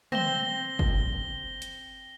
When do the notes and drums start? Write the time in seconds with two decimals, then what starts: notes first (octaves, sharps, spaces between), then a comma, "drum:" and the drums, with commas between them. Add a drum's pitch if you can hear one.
0.12 C4 A#6 G7, drum: tom
0.79 drum: kick
1.62 drum: hi-hat